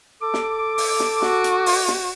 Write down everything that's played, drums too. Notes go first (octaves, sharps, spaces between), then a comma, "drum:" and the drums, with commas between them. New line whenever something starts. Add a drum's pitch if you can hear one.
A4 D6
drum: snare
drum: open hi-hat
drum: snare
F#4, drum: snare
drum: hi-hat
drum: open hi-hat
drum: snare